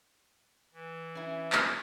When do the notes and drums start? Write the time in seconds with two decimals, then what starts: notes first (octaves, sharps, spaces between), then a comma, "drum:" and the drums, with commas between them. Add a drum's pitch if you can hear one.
0.74 E3
1.15 C#4 E4
1.52 drum: clap